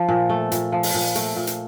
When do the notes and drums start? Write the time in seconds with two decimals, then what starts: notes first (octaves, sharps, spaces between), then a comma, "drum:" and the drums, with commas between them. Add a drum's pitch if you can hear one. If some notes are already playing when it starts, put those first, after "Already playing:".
Already playing: F3
0.09 A#2
0.30 A3
0.52 A#2, drum: hi-hat
0.72 F3
0.83 drum: open hi-hat
0.94 A#2
1.15 A3, drum: hi-hat
1.36 A#2
1.47 drum: hi-hat